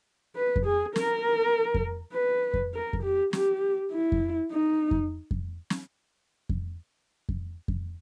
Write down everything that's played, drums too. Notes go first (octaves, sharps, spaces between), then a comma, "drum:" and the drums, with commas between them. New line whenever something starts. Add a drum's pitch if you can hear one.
B4
drum: kick F2
G#4
A#4, drum: snare
drum: kick F2
B4
drum: kick F2
A#4
drum: kick F2
G4
G4, drum: snare
E4
drum: kick F2
D#4
drum: kick F2
drum: kick F2
drum: snare
drum: kick F2
drum: kick F2
drum: kick F2